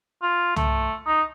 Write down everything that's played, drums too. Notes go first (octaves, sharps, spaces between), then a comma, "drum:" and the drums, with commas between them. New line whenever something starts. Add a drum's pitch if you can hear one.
F4
A3, drum: tom
D#4